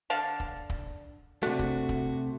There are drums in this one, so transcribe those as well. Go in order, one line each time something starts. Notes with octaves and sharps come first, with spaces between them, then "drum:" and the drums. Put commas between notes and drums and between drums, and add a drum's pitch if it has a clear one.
D3 F5 A5
drum: kick
drum: kick
C3 A3 D4 F#4
drum: kick
drum: kick